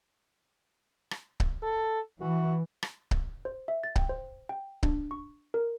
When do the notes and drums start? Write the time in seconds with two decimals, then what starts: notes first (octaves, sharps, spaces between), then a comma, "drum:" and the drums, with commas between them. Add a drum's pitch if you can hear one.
1.11 drum: rim click
1.40 drum: kick C#1
1.63 A4
2.21 E3 F#4
2.83 drum: rim click
3.11 drum: kick C#1
3.45 C5
3.68 E5
3.84 A6
3.96 G5, drum: kick C#1
4.09 C5
4.49 G5
4.83 D4, drum: kick C#1
5.11 C#6
5.54 A#4